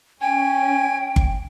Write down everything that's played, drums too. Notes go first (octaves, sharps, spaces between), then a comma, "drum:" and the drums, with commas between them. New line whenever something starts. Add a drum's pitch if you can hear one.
C#4 G5 G#5
drum: kick G1